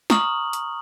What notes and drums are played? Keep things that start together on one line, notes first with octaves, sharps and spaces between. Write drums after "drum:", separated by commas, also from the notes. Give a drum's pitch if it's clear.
A#5 C#6 D#6 F6 F#7, drum: snare
drum: hi-hat